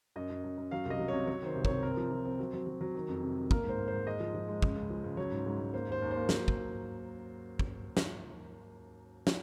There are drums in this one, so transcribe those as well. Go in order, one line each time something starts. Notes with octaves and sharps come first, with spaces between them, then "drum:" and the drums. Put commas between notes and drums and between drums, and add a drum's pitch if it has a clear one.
F#2 D#5
F#2
F#2
F#2
F#3 F5
C2
D#5
F#3
C3 C#5
F#3 C#5
D#3 C5
C2
C3 C#5, drum: kick
C4 A#4
F3
F3
C4
F#3
F#3
F#3
F#3
D#3
F2
C3
D#3
A#3 A#4, drum: kick
G#2 C5
A#3
G#2 C5
G#3 D#5
F3
F3
G#3
C#3, drum: kick
C#2
F3
C#2
F#3 C#5
G#2
G#2
G#2
A#3 C5
D#2 C5
D#2
A#3 C5
F#3 C5, drum: snare
drum: kick
drum: kick
drum: snare
drum: snare